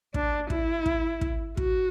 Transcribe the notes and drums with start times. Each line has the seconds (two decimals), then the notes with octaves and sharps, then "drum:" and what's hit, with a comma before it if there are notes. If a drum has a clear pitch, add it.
0.14 D4, drum: kick
0.50 E4, drum: kick
0.86 drum: kick
1.21 drum: kick
1.57 F#4, drum: kick